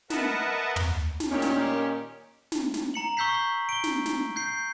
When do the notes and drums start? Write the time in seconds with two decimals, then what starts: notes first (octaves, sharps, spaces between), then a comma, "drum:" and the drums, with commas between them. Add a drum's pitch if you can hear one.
0.10 A#4 B4 D#5 E5 F#5 A5, drum: snare
0.76 drum: tom
1.20 drum: snare
1.31 A#2 D#3 C#4 G4
1.42 drum: snare
2.52 drum: snare
2.74 drum: snare
2.94 A#5 C#7 F#7
3.17 C#6 E6 G6 B6 C7
3.69 D7 G7
3.84 drum: snare
4.06 drum: snare
4.36 G6 C7